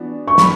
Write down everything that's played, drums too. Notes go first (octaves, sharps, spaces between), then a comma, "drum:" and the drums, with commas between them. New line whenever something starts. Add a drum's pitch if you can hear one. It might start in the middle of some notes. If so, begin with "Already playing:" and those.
Already playing: E3 B3 D4 F#4
C#6
B5, drum: snare